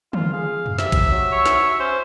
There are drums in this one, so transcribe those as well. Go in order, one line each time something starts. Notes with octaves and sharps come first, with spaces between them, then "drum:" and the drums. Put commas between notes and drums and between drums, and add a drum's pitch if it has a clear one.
F4, drum: tom D3
G#4 F5
drum: tom F2
C3 E5, drum: snare
drum: kick A1, cymbal
F#3
C#5
drum: snare
C#4 C5